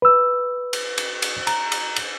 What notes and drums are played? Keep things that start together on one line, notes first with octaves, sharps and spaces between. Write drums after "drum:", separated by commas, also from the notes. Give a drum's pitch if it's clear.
B4 E6
drum: cymbal
drum: cymbal
drum: cymbal
A#5, drum: cymbal
drum: cymbal
drum: cymbal